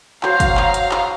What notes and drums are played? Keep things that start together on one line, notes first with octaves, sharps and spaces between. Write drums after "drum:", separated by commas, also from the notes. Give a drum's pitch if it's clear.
F#3 C5 F5 A#5, drum: clap
drum: kick, hi-hat
drum: clap
drum: hi-hat
drum: clap